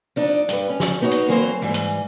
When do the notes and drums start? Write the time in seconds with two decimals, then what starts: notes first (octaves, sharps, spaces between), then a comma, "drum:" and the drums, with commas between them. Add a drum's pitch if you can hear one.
0.16 F3 D4 D#4
0.49 G2 B4, drum: hi-hat
0.69 C#4
0.80 drum: snare
1.02 B3 D#4 F#4 C5 C#5
1.11 drum: hi-hat
1.29 E3 F#3 A#3 C4 C5
1.61 G#2 E3 G3
1.74 drum: hi-hat